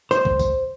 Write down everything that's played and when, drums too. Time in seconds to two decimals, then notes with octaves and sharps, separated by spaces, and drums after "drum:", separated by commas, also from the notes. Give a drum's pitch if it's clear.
0.11 C5, drum: tambourine
0.25 drum: kick
0.39 drum: kick, tambourine